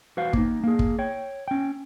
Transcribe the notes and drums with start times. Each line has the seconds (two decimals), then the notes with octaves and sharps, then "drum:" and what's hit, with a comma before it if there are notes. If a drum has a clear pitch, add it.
0.17 F#4 B4 C5 F5
0.33 A#3 D#4, drum: kick
0.64 A#3 G#4
0.79 drum: kick
0.99 C#5 G5
1.48 C#4 G5